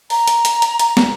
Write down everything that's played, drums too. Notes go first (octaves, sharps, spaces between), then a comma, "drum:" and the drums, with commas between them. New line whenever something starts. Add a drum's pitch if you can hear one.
A#5, drum: open hi-hat
drum: hi-hat
drum: hi-hat
drum: hi-hat
drum: hi-hat
drum: snare